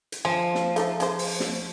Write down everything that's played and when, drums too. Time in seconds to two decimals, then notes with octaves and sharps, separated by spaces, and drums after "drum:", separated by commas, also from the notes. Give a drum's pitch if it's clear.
0.12 drum: hi-hat
0.25 F3 G#5
0.55 drum: snare
0.76 A3 D#4 A4, drum: hi-hat
1.00 C#3 C5, drum: hi-hat
1.19 drum: open hi-hat
1.40 drum: snare